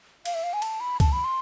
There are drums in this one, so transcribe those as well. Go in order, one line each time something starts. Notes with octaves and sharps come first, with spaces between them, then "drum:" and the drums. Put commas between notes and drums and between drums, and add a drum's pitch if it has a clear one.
F5, drum: cymbal
E5
F5
G#5
A5, drum: cymbal
B5
A5, drum: kick, cymbal
B5
C6